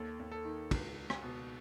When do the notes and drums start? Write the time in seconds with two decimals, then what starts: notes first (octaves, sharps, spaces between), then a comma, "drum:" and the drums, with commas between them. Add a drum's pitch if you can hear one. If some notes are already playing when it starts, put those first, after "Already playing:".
Already playing: D#2 A4
0.19 D#2
0.32 A4
0.45 D#3
0.71 C#2, drum: kick, cymbal
0.97 C#2
1.10 drum: rim click
1.22 B2